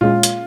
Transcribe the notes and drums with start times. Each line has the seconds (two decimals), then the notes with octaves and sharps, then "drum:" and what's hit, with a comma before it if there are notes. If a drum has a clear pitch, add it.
0.01 A#2 G#3 C#4 F4
0.23 drum: hi-hat